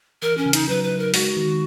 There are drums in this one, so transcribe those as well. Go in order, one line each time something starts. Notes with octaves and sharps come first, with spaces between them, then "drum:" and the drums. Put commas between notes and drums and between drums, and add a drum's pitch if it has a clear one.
E3 A#4
C#4
C#3
D#4, drum: hi-hat
F#3 B4
B4
D#4
A#4
G#3 F#4, drum: open hi-hat
D#3